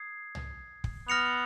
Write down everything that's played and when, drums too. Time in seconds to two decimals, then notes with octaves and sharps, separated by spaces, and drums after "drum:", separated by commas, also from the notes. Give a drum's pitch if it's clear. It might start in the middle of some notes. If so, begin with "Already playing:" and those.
Already playing: D#6 G#6 C7
0.35 drum: tom
0.84 drum: kick
1.08 B3 F6 A#6 C#7 F7